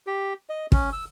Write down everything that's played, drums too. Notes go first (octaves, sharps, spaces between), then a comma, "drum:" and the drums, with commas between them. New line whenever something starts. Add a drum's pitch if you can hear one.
G4
D#5
C#4, drum: kick
E6